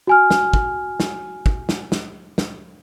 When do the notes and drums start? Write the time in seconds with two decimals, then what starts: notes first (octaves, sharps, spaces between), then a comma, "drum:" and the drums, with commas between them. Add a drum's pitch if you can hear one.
0.07 F#4 G#5 F6
0.30 drum: snare
0.54 drum: kick
1.00 drum: snare
1.46 drum: kick
1.69 drum: snare
1.92 drum: snare
2.38 drum: snare